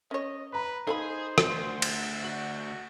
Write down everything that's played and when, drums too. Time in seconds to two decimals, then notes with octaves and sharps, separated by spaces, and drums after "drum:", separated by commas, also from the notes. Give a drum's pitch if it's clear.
0.11 C#4 C#5 D#5
0.53 B4 A#5 B5
0.87 D#4 G#4 A4 C5 F5 B5
1.38 drum: rim click
1.50 D2 C6
1.82 drum: cymbal
2.23 F#4 F#5 F#7